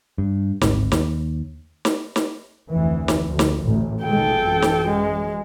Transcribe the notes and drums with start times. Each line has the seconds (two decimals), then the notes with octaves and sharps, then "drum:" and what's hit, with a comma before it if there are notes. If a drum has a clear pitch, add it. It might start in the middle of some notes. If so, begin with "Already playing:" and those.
0.18 G2
0.61 D1 G#1 G#2 C3, drum: snare
0.92 D#2, drum: snare
1.85 drum: snare
2.16 drum: snare
2.72 F1 D2 E3
3.08 drum: snare
3.26 D2 F3
3.39 drum: snare
3.64 A1 D2 A2
4.03 B2 D#3 G#3 A4 G5
4.37 F#2 E3
4.62 drum: snare
4.87 G#3